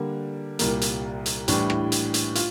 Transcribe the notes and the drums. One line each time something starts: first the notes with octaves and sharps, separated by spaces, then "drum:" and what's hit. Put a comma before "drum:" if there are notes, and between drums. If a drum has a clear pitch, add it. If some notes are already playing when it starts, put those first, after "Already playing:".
Already playing: D3 G3 A#3
C2 A#2 G3 A#3, drum: hi-hat
drum: hi-hat
drum: hi-hat
A2 E3 G3 D4, drum: hi-hat
drum: rim click
drum: hi-hat
drum: hi-hat
F4, drum: hi-hat